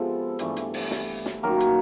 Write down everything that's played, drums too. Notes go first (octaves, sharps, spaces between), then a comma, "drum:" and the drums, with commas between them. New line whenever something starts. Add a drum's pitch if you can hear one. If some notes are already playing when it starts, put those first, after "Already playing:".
Already playing: C3 F3 G#3 B3 A4
G2 E3 A3, drum: hi-hat
drum: hi-hat
drum: open hi-hat
drum: snare
drum: snare
F#2 D#3 F#3 A#3 A#4
drum: hi-hat